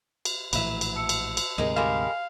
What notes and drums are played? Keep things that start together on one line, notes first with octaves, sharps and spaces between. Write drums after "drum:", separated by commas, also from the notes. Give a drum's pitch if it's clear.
drum: cymbal
A#1 A2 E3 F#3 E5 B5, drum: cymbal
drum: cymbal
A5 E6 C#7
drum: cymbal
drum: cymbal
D2 G#2 C3 D#4 G#4 A#4
G3 G#3 A#4 F5 G#5